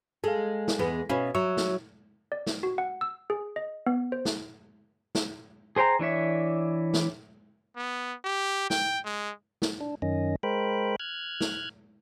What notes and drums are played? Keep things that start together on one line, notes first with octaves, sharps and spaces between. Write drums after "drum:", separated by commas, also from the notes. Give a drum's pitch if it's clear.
G#3 A4 F5
drum: snare
E2 G#3 B3
B2 C#4 E4 F5
F#3 E5 C#6 E6
drum: snare
D5
drum: snare
F#4
F#5
E6
G#4
D#5
B3
C5
drum: snare
drum: snare
G#4 C5 G5 A#5
E3 D4 C#5 E5
drum: snare
B3
G4
G5, drum: snare
G#3
drum: snare
D4
F#2 D#3 C#4 D#5
G#3 A#4 C5 G5 B5
F6 F#6 G#6
drum: snare